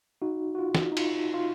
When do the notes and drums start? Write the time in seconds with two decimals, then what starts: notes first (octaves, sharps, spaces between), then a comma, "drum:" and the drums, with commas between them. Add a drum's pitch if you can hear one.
0.22 D#4 F#4
0.55 F#4
0.59 F4
0.75 drum: snare
0.92 D#4
0.97 F4, drum: cymbal
1.34 F4